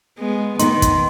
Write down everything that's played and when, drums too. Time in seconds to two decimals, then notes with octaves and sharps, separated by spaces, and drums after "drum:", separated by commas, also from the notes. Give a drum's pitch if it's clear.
0.19 G#3 B3
0.59 D#3 B3 D#4 C6, drum: hi-hat
0.82 drum: kick, hi-hat